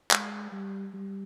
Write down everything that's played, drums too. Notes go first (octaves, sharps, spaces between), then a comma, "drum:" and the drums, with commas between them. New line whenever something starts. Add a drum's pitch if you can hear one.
G#3, drum: clap
G3
G3